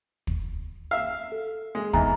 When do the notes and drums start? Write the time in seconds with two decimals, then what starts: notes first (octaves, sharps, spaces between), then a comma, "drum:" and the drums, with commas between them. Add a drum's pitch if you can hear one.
0.27 drum: kick
0.91 E5 F5
1.32 A4
1.75 G#3
1.93 E2 G#2 A#5, drum: kick